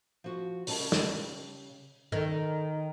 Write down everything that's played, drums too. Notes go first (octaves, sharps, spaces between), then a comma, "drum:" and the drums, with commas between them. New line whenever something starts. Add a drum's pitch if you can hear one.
F3 F#4
C#3 G3 A5, drum: open hi-hat
drum: snare
D#3 A4 A#4